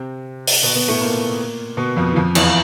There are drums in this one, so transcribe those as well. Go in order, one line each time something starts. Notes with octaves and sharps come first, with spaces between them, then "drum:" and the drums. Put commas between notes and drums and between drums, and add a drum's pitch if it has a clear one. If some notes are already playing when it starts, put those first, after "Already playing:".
Already playing: C3 C4
drum: open hi-hat
B2 B3
B2 B3
A2 A3
A#2 A#3
B2 B3
F2 F3
E3
F2 F3
E2 E3, drum: cymbal